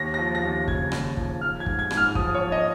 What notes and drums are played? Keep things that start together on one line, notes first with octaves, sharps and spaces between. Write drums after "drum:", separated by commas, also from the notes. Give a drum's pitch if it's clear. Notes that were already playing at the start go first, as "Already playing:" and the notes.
Already playing: D#2 A#6
F3 A#6
A#6
D#2
C#3 G#6, drum: kick
D#2, drum: rim click
F3, drum: kick
F3 F6
G#6
G#2, drum: kick
G#6
G#2, drum: rim click
F6
F3 D#6, drum: kick
C#5
F3
D#5